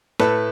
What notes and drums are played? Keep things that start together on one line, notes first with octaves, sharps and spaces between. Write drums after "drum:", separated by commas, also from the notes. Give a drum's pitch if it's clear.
A2 A4 B4, drum: snare